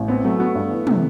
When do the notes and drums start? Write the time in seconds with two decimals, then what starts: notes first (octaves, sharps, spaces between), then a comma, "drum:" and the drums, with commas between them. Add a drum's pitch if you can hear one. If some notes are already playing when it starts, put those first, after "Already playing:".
Already playing: A1
0.08 B3 C4
0.24 F#3 A3
0.39 B3 F#4
0.55 G2
0.71 E3
0.87 C3, drum: tom